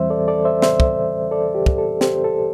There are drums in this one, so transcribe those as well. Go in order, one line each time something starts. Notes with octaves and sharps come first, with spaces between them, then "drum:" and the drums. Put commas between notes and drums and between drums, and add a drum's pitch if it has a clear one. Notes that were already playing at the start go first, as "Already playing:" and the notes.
Already playing: E2 E3 G3 C4 C5 E5
A4 D5
A4 D5
C5 E5
C5 E5, drum: snare
drum: kick
A4 D5
G4
drum: kick
A4
G4 C5, drum: snare
A4